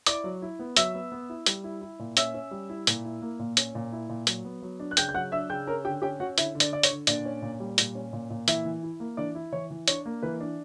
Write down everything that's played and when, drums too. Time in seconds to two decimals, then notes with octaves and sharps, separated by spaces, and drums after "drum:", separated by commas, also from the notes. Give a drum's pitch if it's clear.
0.06 E4 D5 D6, drum: hi-hat
0.24 F#3
0.42 E4
0.59 B3
0.76 F#3 E5 E6, drum: hi-hat
0.94 B3
1.12 B3
1.29 E4
1.46 G3, drum: hi-hat
1.64 E4
1.81 E4
1.99 A#2
2.17 C#4 E5 E6, drum: hi-hat
2.34 C#4
2.51 G3
2.69 E4
2.87 A#2, drum: hi-hat
3.04 E4
3.22 A#3
3.39 A#2
3.57 C#4, drum: hi-hat
3.75 A#2
3.92 E4
4.09 A#2
4.27 F#3, drum: hi-hat
4.45 B3
4.62 F#3
4.80 D4
4.91 F#6
4.97 C#3 G5 G6, drum: hi-hat
5.09 G6
5.14 F#3 F#5 F#6
5.32 D4 E5 E6
5.50 C#3 G5 G6
5.67 C#4 A#4 A#5
5.85 D3 G4 G5
6.02 C#4 G4 G5
6.20 C#4 F#4 F#5
6.38 D3 E4 E5, drum: hi-hat
6.55 D3
6.60 D4 D5, drum: hi-hat
6.72 D3 D5
6.83 C#5, drum: hi-hat
6.90 D3
7.07 A#2 D4 D5, drum: hi-hat
7.25 C#4
7.42 A#2
7.60 G3
7.78 A#2, drum: hi-hat
7.95 C#4
8.13 A#2
8.30 A#2
8.48 E3 E4 E5, drum: hi-hat
8.65 E3
8.83 E4
9.00 A#3
9.17 E3 D4 D5
9.35 E4
9.52 E3 C#5
9.70 E3
9.88 D4 C#5, drum: hi-hat
10.06 A#3
10.23 E3 B4
10.40 D4